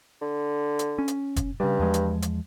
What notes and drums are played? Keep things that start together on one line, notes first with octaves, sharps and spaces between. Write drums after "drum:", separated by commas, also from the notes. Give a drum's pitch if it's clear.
D3
drum: hi-hat
C#4
drum: hi-hat
drum: kick, hi-hat
G2 C#3 G3
E2 F3 G#3
drum: hi-hat
drum: hi-hat